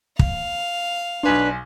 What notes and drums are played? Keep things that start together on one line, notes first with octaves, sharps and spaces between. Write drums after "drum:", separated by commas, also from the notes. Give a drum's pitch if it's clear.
F5, drum: kick
B1 D4 B4 G#5 C6